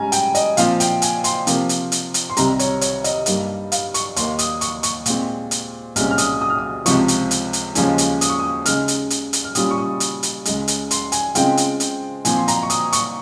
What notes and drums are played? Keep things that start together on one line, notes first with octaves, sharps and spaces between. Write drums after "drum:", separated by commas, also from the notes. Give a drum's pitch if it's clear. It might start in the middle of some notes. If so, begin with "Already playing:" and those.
Already playing: G#2 G3 C#4 G#5 A#5
G5, drum: hi-hat
D#5, drum: hi-hat
A#2 F3 C4 F4 F5, drum: hi-hat
G5, drum: hi-hat
G#5, drum: hi-hat
C6, drum: hi-hat
C3 F3 A#3, drum: hi-hat
drum: hi-hat
drum: hi-hat
drum: hi-hat
C6
C2 C3 D#3 G3 A#5, drum: hi-hat
C#5, drum: hi-hat
C#5, drum: hi-hat
D#5, drum: hi-hat
G2 G3 A#3 D#4, drum: hi-hat
F5, drum: hi-hat
C#6, drum: hi-hat
D#2 D#3 A#3 C6, drum: hi-hat
D#6, drum: hi-hat
C#6, drum: hi-hat
C#6, drum: hi-hat
A#2 G#3 C4, drum: hi-hat
drum: hi-hat
C2 A#2 G#3 C#4 F6, drum: hi-hat
F6
D#6, drum: hi-hat
D#6
F6
D#6
C#2 C3 F3 C#6, drum: hi-hat
drum: hi-hat
drum: hi-hat
drum: hi-hat
D#2 C#3 F3 G#3 C#4, drum: hi-hat
drum: hi-hat
D#6, drum: hi-hat
C#6
D#6
C#3 G#3 D#4 F6, drum: hi-hat
drum: hi-hat
drum: hi-hat
drum: hi-hat
F6
A#2 G3 C#4 F4 D#6, drum: hi-hat
C#6
D#6
drum: hi-hat
drum: hi-hat
C#2 C#3 G#3, drum: hi-hat
drum: hi-hat
C6, drum: hi-hat
G#5, drum: hi-hat
C#3 G#3 C4 F4 G5, drum: hi-hat
drum: hi-hat
drum: hi-hat
A#2 F3 C4 G#5, drum: hi-hat
C6
A#5, drum: hi-hat
C#6
D#6, drum: hi-hat
C#6, drum: hi-hat